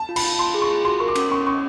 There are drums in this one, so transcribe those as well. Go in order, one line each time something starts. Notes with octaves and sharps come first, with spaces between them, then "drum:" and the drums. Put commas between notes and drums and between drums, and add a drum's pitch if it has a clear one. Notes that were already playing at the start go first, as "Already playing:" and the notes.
Already playing: A5
F4
B5, drum: cymbal
F4
F4 C6
G#4
C#6
F4
F#4 C6
A#4 C#6
D6
C#4, drum: cymbal
C#4 C#6
C#4 C#6